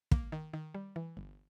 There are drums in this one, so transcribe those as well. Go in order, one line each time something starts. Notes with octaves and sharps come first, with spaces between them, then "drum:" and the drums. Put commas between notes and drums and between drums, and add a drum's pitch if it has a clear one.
A#3, drum: kick
D#3
D#3
G3
E3
G1